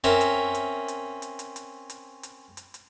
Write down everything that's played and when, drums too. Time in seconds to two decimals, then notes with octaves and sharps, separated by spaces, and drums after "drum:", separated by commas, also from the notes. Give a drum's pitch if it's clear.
0.04 C4 C#4 A#4 E5, drum: hi-hat
0.21 drum: hi-hat
0.55 drum: hi-hat
0.88 drum: hi-hat
1.22 drum: hi-hat
1.39 drum: hi-hat
1.56 drum: hi-hat
1.90 drum: hi-hat
2.23 drum: hi-hat
2.57 drum: hi-hat
2.74 drum: hi-hat